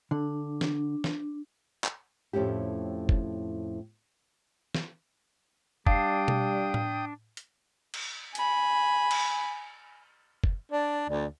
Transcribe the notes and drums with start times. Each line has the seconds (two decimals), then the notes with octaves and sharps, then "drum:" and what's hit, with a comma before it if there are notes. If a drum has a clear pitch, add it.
0.11 D3 D4
0.61 drum: snare
1.04 drum: snare
1.84 drum: clap
2.33 F2 A2 C#4 E4 G4
3.09 drum: kick F#1
4.75 drum: snare
5.87 G3 D4 F5 G5 D#6 C7, drum: kick F#1
6.28 drum: tom B2
6.74 drum: tom A2
7.37 drum: hi-hat
7.94 drum: cymbal
8.35 G#5 B5, drum: hi-hat
9.11 drum: cymbal
10.44 drum: kick F#1
10.72 D4 D5
11.09 D2 D5